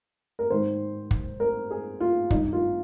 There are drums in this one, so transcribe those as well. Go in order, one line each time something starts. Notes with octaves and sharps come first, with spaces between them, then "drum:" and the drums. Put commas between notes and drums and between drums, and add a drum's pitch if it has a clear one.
A#4
G#2 D#3 C5
drum: kick
A#4
G#4
F4
G2 D#3 D#4, drum: kick
F4